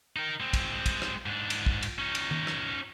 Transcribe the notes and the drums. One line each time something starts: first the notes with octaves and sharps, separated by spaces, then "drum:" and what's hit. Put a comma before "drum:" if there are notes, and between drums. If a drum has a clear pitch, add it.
D#4 A#4
G#3 C4
drum: kick, cymbal
drum: kick, cymbal
drum: rim click
G#2 D4
drum: cymbal
drum: kick
drum: cymbal
C#4 D#4
drum: cymbal
drum: tom
drum: rim click